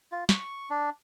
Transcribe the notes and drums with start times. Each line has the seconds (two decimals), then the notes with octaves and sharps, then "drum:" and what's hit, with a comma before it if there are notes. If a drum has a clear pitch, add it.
0.12 F4
0.29 C#6, drum: snare
0.70 D4